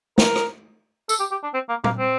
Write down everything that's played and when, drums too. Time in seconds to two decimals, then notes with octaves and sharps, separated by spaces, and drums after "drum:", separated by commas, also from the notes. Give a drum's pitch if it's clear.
0.18 A#4, drum: snare
0.36 drum: rim click
1.09 A4, drum: tambourine
1.20 G4
1.31 G4
1.43 D4
1.54 C4
1.69 A#3
1.84 A#3, drum: tom A#2
1.99 C4